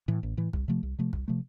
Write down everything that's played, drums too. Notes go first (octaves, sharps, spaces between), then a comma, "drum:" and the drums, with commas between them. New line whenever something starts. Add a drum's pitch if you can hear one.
A2 E3
A1
A2 E3
C2, drum: kick
C3 F3 A3
C2
C3 F3 A3
C2, drum: kick
C3 F3 A3